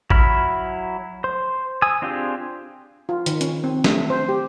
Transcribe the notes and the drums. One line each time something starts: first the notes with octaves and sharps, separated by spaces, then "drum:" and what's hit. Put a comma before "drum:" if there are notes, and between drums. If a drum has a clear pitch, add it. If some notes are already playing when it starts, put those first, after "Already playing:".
F#3 E4 B5 F6, drum: kick A1
C5
G#5 D#6 E6
C4 D4 F4 G4 G#4
F4
D#3, drum: hi-hat
C#4, drum: hi-hat
C4
A3, drum: snare
C5
G4